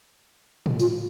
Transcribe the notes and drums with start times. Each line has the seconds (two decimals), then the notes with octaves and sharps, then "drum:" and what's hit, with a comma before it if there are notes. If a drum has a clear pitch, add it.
0.66 drum: tom A2
0.80 F4, drum: tambourine